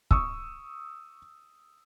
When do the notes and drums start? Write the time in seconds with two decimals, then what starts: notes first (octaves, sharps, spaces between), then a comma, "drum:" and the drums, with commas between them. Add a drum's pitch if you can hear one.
0.11 C#6 D#6 E6, drum: kick